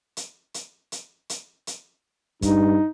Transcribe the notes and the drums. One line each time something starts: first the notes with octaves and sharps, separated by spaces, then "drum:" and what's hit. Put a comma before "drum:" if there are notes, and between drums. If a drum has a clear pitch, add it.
drum: hi-hat
drum: hi-hat
drum: hi-hat
drum: hi-hat
drum: hi-hat
G2 D#4, drum: kick, hi-hat